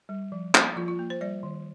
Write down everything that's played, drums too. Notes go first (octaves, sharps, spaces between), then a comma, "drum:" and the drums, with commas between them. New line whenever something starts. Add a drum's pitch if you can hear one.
G3
F3
A#3, drum: clap
F3 F4
F4
A#3
C5
G3 D5
D#3